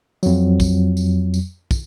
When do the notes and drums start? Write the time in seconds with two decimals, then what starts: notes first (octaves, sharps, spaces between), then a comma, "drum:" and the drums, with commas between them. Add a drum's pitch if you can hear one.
0.23 F2 F#3, drum: tambourine
0.60 drum: kick, tambourine
0.97 drum: tambourine
1.34 drum: tambourine
1.71 drum: kick, tambourine